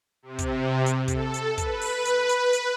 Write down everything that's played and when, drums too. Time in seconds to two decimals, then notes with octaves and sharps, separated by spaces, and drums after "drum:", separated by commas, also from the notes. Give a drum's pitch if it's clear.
0.23 C3
0.39 drum: kick, hi-hat
0.86 drum: hi-hat
1.08 A4, drum: kick, hi-hat
1.34 drum: hi-hat
1.58 B4, drum: kick, hi-hat
1.81 drum: open hi-hat
2.05 drum: hi-hat
2.29 drum: hi-hat
2.53 drum: hi-hat